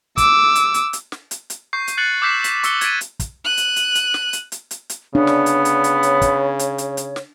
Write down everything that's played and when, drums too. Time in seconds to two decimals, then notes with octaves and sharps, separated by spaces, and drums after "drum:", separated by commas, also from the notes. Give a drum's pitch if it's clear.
0.18 D6 E6, drum: kick, hi-hat
0.55 drum: hi-hat
0.74 drum: hi-hat
0.93 drum: hi-hat
1.12 drum: snare
1.31 drum: hi-hat
1.50 drum: hi-hat
1.73 C#6 G6 C7
1.87 drum: hi-hat
1.97 F#6 A6 C7 C#7 F#7
2.22 D6 E6 G6 B6 C7 E7
2.44 B6, drum: hi-hat
2.63 C#6 E6 C#7 G7, drum: hi-hat
2.81 G#6 A6 B6 D7 D#7, drum: hi-hat
3.01 drum: hi-hat
3.20 drum: kick, hi-hat
3.45 F#6 D#7
3.57 drum: hi-hat
3.76 drum: hi-hat
3.95 drum: hi-hat
4.14 drum: snare
4.33 drum: hi-hat
4.52 drum: hi-hat
4.71 drum: hi-hat
4.89 drum: hi-hat
5.15 C#3 B3 D4 C#5
5.27 drum: snare
5.46 drum: hi-hat
5.65 drum: hi-hat
5.84 drum: hi-hat
6.03 drum: hi-hat
6.22 drum: kick, hi-hat
6.59 drum: hi-hat
6.78 drum: hi-hat
6.97 drum: hi-hat
7.16 drum: snare